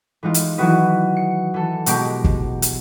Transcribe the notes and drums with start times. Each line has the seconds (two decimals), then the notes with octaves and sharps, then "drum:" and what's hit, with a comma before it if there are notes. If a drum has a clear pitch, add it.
0.23 E3 G#3 D#4 F4
0.34 drum: hi-hat
0.57 D#3 E3 F#3 F#4 B4 D#6
1.17 C#7
1.54 E3 A4
1.86 B2 G#3 G4 A#5 D6 D7, drum: hi-hat
2.24 drum: kick
2.62 drum: hi-hat